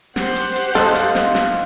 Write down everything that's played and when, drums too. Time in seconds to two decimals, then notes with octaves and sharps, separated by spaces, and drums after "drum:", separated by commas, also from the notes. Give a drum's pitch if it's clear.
0.16 G4 C5 F#5, drum: snare
0.36 drum: hi-hat
0.56 drum: hi-hat
0.75 F4 A4 D#5 F5 C6 F#6, drum: snare
0.95 drum: hi-hat
1.15 drum: snare
1.35 drum: snare